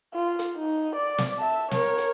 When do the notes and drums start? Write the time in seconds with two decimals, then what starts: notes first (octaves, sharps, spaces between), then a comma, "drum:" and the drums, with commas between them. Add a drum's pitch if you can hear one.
0.13 F4
0.39 drum: hi-hat
0.57 D#4
0.95 D5
1.18 drum: snare
1.38 E5 A5
1.71 A#4 C#5, drum: snare
1.98 drum: hi-hat